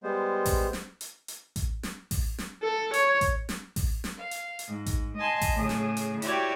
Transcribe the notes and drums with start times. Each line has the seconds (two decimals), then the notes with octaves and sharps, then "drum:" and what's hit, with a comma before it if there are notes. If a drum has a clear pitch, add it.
0.03 G3 G#3 B3 C5
0.46 drum: kick A1, open hi-hat
0.73 drum: snare
1.01 drum: hi-hat
1.28 drum: hi-hat
1.56 drum: kick A1, hi-hat
1.83 drum: snare
2.11 drum: kick A1, open hi-hat
2.38 drum: snare
2.62 A4
2.94 C#5, drum: hi-hat
3.21 drum: kick A1, hi-hat
3.49 drum: snare
3.76 drum: kick A1, open hi-hat
4.04 drum: snare
4.18 F5
4.31 drum: hi-hat
4.59 drum: hi-hat
4.69 G#2
4.86 drum: kick A1, hi-hat
5.18 D#5 G#5 A5 C6
5.42 drum: kick A1, open hi-hat
5.55 A2 C#3 G#4
5.69 drum: snare
5.97 drum: hi-hat
6.22 E4 F#4 G4 C#5 D5 F#5, drum: hi-hat